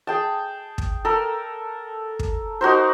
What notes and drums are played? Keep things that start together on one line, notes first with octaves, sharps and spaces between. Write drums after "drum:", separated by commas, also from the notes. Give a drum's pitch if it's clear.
G#4 G5 A5
drum: kick
A4 A#4
drum: kick
D#4 F#4 A#4 C5